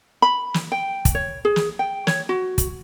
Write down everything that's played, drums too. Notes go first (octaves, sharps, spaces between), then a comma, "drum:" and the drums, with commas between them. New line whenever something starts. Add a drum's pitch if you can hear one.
B5
drum: snare
G5
drum: kick, hi-hat
C#5
G#4
drum: snare
G5
C#5, drum: snare
F#4
drum: kick, hi-hat